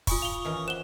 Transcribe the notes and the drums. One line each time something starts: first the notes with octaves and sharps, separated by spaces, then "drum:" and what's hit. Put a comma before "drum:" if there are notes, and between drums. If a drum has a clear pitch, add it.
F4 G#5 B5 C#6 D#6, drum: kick, open hi-hat
F5 F7 G7
D#3 E3 C#4
C5 F#5 D6 E7 G7